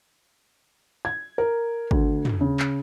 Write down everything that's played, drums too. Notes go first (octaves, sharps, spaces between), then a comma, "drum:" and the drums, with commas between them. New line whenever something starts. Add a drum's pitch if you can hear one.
G#6
A#4
D2, drum: kick
drum: tom
C#3
drum: clap